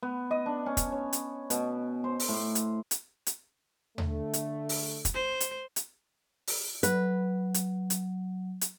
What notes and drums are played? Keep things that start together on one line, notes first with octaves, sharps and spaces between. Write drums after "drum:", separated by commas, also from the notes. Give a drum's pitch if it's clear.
B3
D#5
D4
C#4
drum: kick, hi-hat
C#5
drum: hi-hat
B2, drum: hi-hat
C5
drum: open hi-hat
A2
drum: hi-hat
drum: hi-hat
drum: hi-hat
D3 A3, drum: tom D#2
drum: hi-hat
drum: open hi-hat
drum: kick, hi-hat
C5
drum: hi-hat
drum: hi-hat
drum: open hi-hat
F#3 B4, drum: hi-hat
drum: hi-hat
drum: hi-hat
drum: hi-hat